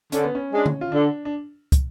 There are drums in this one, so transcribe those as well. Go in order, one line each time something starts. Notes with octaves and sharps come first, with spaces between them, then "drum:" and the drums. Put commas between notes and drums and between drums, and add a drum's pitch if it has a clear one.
D3 C#4, drum: hi-hat
B3
C#4
G#3 D4
drum: tom D3
F4
D3 D4
D4
drum: kick, hi-hat